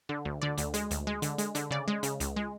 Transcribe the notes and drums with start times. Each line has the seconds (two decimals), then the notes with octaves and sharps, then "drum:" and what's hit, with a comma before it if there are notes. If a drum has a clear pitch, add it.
0.09 D3
0.25 D2
0.42 D3 D5
0.58 D2, drum: hi-hat
0.74 G#3, drum: hi-hat
0.91 D2, drum: hi-hat
1.07 G#3
1.22 D3, drum: hi-hat
1.38 G#3, drum: hi-hat
1.55 D3, drum: hi-hat
1.71 C#3 D5
1.88 G#3
2.03 C#3, drum: hi-hat
2.20 C#2, drum: hi-hat
2.36 G#3